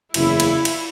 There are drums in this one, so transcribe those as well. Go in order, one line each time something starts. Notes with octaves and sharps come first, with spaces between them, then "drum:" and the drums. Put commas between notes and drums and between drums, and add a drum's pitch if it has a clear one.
F#1 E2 C#3 E4, drum: cymbal
drum: cymbal
drum: cymbal